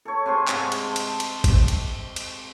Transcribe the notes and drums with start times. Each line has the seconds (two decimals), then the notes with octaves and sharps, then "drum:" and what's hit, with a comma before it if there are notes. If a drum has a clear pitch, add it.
0.05 A4 C#5
0.26 C3 C4 G#4
0.48 G#2, drum: clap
0.72 drum: cymbal
0.84 A5
0.96 drum: cymbal
1.20 drum: cymbal
1.44 drum: kick, cymbal
1.68 drum: cymbal
2.16 drum: cymbal